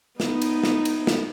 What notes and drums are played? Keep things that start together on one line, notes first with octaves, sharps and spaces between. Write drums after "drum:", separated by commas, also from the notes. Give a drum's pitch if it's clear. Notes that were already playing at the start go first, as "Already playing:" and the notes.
B3 D#4, drum: snare
drum: cymbal
drum: snare
drum: cymbal
drum: snare